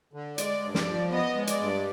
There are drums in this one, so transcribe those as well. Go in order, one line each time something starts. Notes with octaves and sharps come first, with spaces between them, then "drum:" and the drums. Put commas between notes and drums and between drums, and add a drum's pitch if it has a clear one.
D3
G#3 D5, drum: hi-hat
G2
D5, drum: snare
F3
B3 D#5
G#3
D5, drum: hi-hat
G2